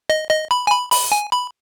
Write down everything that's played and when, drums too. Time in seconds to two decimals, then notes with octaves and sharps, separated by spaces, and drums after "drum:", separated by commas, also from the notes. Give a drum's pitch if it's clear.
0.10 D#5
0.30 D#5
0.51 B5
0.67 G#5
0.70 B5
0.92 B5, drum: open hi-hat
1.12 G#5
1.32 B5